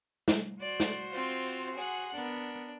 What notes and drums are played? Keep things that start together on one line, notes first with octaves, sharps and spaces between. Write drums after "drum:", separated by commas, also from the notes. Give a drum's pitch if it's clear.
drum: snare
F#4 C5 D5
drum: snare
C4 F4
G#4 F#5
B3 D4 A#4